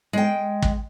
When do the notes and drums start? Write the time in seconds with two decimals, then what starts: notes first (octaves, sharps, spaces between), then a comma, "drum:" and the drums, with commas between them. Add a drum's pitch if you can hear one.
0.13 G#3 G5
0.62 drum: kick